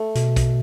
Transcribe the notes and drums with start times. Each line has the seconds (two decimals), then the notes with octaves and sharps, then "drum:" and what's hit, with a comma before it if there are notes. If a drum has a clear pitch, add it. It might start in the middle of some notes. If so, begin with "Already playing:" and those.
Already playing: A3
0.15 B2, drum: hi-hat
0.36 drum: kick A#1, hi-hat